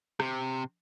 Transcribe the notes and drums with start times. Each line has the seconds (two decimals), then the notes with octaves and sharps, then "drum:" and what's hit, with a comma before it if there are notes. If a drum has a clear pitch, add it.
0.20 C3, drum: rim click